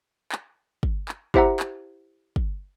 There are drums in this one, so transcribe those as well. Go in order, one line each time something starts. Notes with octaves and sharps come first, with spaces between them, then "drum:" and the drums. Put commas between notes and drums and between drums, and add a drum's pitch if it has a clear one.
drum: clap
drum: kick
drum: clap
E4 G4 C5 E5 F#5 A#5, drum: kick
drum: clap
drum: kick